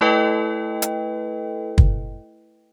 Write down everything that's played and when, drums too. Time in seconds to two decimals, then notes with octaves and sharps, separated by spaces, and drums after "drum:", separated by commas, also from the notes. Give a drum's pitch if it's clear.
0.01 A3 E4 A4 B4 D#5 G5
0.82 drum: hi-hat
1.78 drum: kick